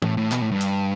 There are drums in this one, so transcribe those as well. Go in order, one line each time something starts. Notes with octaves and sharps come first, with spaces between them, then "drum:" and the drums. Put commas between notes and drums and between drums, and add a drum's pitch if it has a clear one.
A2, drum: tom E3
A2
B2, drum: clap
A2
G2
drum: hi-hat